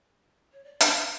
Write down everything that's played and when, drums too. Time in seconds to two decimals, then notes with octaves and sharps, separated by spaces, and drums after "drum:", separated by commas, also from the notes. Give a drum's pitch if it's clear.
0.52 C#5
0.64 D5
0.80 F5, drum: hi-hat